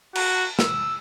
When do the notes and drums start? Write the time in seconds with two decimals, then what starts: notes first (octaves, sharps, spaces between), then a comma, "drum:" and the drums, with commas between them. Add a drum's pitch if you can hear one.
0.15 F#4, drum: cymbal
0.59 E6, drum: snare